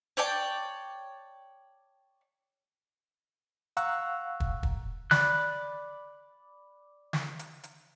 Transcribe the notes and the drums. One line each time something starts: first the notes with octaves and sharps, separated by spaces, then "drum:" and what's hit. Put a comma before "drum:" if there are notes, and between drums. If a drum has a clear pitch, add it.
C#5 D5 G5 A5
F5 F#5 A#5 C#6 E6 F#6, drum: hi-hat
drum: kick
drum: kick
D5 B5 F#6, drum: snare
drum: snare
drum: hi-hat
drum: hi-hat